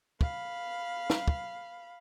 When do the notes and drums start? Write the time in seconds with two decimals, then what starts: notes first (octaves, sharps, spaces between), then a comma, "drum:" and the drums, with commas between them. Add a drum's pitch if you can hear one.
0.21 F5 B5, drum: kick
1.10 drum: snare
1.28 drum: kick